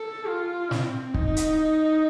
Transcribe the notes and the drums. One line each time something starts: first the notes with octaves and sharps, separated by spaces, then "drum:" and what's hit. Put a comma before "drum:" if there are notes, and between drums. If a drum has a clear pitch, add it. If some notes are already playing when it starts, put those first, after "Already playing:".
Already playing: A4
F4
C4, drum: snare
D#4, drum: kick
drum: hi-hat